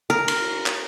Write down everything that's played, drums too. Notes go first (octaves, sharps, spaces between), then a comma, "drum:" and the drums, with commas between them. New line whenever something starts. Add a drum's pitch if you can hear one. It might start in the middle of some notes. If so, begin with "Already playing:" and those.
A#4
drum: cymbal
drum: clap